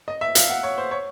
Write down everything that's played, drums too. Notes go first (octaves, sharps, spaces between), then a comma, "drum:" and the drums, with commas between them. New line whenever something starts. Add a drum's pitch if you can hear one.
D#5
E5
F5, drum: hi-hat
F#5
C#5
C5
C#5